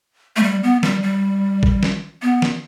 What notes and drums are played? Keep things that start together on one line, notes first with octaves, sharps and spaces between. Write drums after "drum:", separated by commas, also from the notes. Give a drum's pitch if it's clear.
A3
G3
B3
G3, drum: snare
G3
drum: kick A1
drum: snare
B3
drum: snare